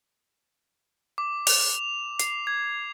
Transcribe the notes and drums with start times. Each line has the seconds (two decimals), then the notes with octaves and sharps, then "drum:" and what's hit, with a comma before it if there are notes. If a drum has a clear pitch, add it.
1.18 D6
1.47 F7, drum: open hi-hat
2.19 C7, drum: hi-hat
2.47 G#6